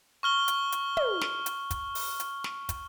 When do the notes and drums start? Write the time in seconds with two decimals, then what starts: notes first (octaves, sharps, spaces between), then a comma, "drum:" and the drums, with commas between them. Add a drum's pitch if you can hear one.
0.23 C#6 F6 G7
0.48 drum: hi-hat
0.72 drum: hi-hat
0.97 drum: tom
1.21 drum: snare
1.46 drum: hi-hat
1.71 drum: kick, hi-hat
1.95 drum: open hi-hat
2.20 drum: hi-hat
2.44 drum: snare
2.69 drum: kick, hi-hat